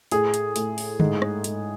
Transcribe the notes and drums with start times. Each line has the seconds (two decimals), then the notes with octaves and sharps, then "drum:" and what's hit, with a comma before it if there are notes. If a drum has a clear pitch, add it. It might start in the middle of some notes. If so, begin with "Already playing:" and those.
0.11 A2 G#4, drum: hi-hat
0.34 drum: hi-hat
0.56 A2, drum: hi-hat
0.78 drum: open hi-hat
1.00 G#2, drum: tom D3
1.22 drum: rim click
1.44 G#2, drum: hi-hat